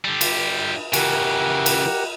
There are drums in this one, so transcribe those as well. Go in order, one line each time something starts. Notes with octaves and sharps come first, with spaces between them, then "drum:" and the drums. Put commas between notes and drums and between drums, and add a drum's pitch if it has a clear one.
D3 G3
drum: cymbal
C#3 E3 G4 A#4 F#5, drum: cymbal
drum: cymbal